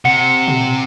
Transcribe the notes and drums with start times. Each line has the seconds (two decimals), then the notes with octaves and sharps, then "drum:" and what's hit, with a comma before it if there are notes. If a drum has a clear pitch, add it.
0.05 C3 F#5 C#7
0.48 drum: tom A#2